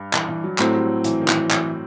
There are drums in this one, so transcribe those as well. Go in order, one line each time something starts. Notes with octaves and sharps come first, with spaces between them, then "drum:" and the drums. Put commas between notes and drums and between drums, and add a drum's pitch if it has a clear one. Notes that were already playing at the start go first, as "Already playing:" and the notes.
Already playing: G2
E3, drum: clap
E3
F#3
A2 F#3 A3 C4, drum: clap
G3
E3, drum: hi-hat
D#3
E3, drum: clap
E3, drum: clap